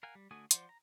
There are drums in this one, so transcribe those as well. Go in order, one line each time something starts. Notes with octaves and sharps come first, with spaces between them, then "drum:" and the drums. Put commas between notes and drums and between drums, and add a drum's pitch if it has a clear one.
A#4 F5 F#5 G#5
G3
D3 A3 F#4 G#5 D#6
F3 C5 D5 F#5 C6, drum: hi-hat
A#5